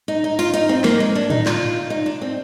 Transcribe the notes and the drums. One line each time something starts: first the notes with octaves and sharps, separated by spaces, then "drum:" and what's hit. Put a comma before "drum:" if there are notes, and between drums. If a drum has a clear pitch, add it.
D#4
D#4
F4, drum: tambourine
D#4, drum: hi-hat
C4
A#3, drum: snare
G#3
D4
D#4, drum: tom
F4, drum: clap
D#4
D4
C4